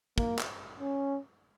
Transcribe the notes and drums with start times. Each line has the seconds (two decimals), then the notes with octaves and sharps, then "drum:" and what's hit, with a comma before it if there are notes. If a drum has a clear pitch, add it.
0.18 A#3, drum: kick
0.39 drum: clap
0.80 C#4